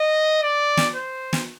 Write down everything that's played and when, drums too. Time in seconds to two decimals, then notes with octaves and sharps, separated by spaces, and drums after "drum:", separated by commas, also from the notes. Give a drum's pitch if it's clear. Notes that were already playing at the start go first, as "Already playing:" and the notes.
Already playing: D#5
0.43 D5
0.77 drum: snare
0.96 C5
1.33 drum: snare